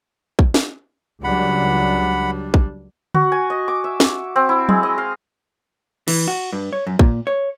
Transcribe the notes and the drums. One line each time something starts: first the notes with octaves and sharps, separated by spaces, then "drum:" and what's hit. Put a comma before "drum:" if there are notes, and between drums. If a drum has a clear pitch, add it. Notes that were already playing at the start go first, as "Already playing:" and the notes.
drum: kick
drum: snare
C#2 F#3 G3 D4 F#5 B5
drum: kick
F#4, drum: tom D3
G#5
D#5
D6
E5
D6, drum: snare
C4
E4
G#3, drum: tom
D#5
F5
E3, drum: cymbal
F#4
G2
C#5
F#2
A#2, drum: kick
C#5